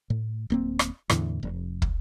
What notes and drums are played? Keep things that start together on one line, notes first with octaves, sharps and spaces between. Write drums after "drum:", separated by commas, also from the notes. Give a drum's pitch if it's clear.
A2
D1 A#3 C4
drum: rim click
E2 A2 D3 E3, drum: rim click
F1
drum: kick